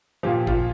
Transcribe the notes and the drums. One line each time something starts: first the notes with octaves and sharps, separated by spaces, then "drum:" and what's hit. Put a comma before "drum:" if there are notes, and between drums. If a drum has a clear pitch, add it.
A#2 F3 G4
F4, drum: kick G#1